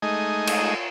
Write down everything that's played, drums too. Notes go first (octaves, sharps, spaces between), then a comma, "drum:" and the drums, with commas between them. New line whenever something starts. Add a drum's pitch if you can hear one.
G#3 A3 D#4 D#5 G#5
drum: cymbal